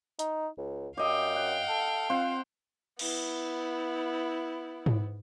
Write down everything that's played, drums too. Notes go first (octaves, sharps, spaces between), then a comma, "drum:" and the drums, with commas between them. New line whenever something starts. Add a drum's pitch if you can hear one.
D#4, drum: hi-hat
C#2
F#2 G4 D#5 F5 G5
F#5
A4
C4 F4 C5 F#5
B3 E4, drum: cymbal
drum: tom G#2